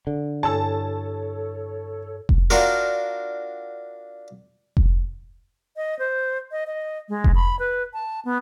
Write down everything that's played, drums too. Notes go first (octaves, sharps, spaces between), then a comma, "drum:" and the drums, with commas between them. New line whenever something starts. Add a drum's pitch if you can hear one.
D3
G2 E4 A4 C#5 G#5 A5
drum: kick F1
D4 F4 F#4 A#4
drum: kick F1
D#5
C5
D#5
D#5
G#3
drum: kick F1
B5
B4
A5
B3